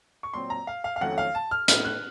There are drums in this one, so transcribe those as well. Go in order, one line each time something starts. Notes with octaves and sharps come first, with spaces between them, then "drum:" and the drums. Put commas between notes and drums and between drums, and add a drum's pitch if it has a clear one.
C#6
A#2 F#3 C4 C6
A#5
F5
F5
F5
F2 D#3 F#3 A3 C#4 F#5
F5
A5
F6
A2 A3 D#4 F6, drum: hi-hat
F#6